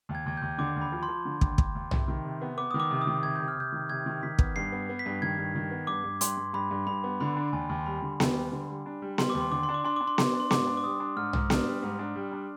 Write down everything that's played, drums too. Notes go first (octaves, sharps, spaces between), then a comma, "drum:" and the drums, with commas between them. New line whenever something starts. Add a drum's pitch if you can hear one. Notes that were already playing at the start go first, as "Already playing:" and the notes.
D#2
G#6
D#2 G#6
D#2 G6
D3 D6
D#2
B5
F3
C6
F3
D3
D#2, drum: kick
D#2, drum: kick
D#2
C3, drum: tom
D#3
C3
B3
B3 D6
D#3 D#6
D6
C3
D#6
D#3
C3 G#6
C3 G6
F6
C3 G6
D#3
C3 G#6
D#3
D#3 B6
B3, drum: kick
G2 C7
B3
B3
B6
G2
D#3 G#6
G2
D#3
B3
G2 D6
G2
G2 C6, drum: hi-hat
G2
G2 B5
G2
G2 B5
B3
D3 B5
D4
D#2 G#5
D#2
C6
G3 B5
D3
D#2, drum: snare B3
G3
D3
G3
D4
G3
G3 C6, drum: snare B3
D#2 D6
C6
D3 D6
C6
D4
D6
D4 C6
D4 D6
C6
D4, drum: snare B3
D4
C6
G#2 D6, drum: snare B3
D4
D6
G3 D#6
D4
G#2 F6
G#2, drum: tom
D4, drum: snare B3
G3
G#2
D4
G3
D4